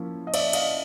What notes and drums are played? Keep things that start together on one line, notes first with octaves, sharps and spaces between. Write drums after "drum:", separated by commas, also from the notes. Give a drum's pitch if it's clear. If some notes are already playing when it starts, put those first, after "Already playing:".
Already playing: F3 A#3 C#4 E4
D#5
D5 E5, drum: cymbal
D#5 F5, drum: cymbal